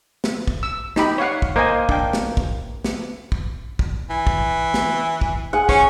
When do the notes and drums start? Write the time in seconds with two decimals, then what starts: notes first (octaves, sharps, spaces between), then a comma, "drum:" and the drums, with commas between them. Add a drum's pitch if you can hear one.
0.24 drum: snare
0.47 drum: kick
0.63 E6
0.96 D#4 G4 B5, drum: snare
1.18 C#5 F5 F#5
1.42 drum: kick
1.56 A#3 C5 D#5 G#5
1.89 D4 G5, drum: kick
2.13 drum: snare
2.37 drum: kick
2.84 drum: snare
3.32 drum: kick
3.79 drum: kick
4.10 E3
4.27 drum: kick
4.74 drum: snare
5.21 drum: kick
5.53 G#4 F#5
5.69 C#4 C#5, drum: kick